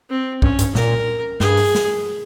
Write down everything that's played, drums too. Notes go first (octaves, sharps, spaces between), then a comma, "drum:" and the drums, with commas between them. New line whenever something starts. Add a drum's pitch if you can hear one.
C4
G2 C#4, drum: kick
G2, drum: hi-hat
A#2 A#4, drum: snare
G2 G#4, drum: snare
drum: open hi-hat
drum: snare